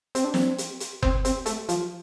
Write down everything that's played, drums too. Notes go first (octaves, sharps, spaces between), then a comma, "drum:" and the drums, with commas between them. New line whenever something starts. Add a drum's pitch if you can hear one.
C4, drum: hi-hat
D4
C4, drum: snare
drum: hi-hat
drum: hi-hat
C4, drum: kick F#1
C4, drum: hi-hat
A3, drum: hi-hat
F3, drum: hi-hat